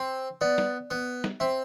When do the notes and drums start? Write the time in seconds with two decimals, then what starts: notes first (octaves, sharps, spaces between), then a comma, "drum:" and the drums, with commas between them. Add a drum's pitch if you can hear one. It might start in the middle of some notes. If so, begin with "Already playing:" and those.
Already playing: C4
0.41 B3 D5
0.58 drum: snare
0.91 B3
1.24 drum: snare
1.40 C4 E5